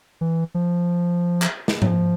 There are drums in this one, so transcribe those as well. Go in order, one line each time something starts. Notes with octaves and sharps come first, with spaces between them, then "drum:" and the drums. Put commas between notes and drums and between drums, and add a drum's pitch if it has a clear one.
E3
F3
drum: clap
drum: snare
F#3, drum: tom G#2
F3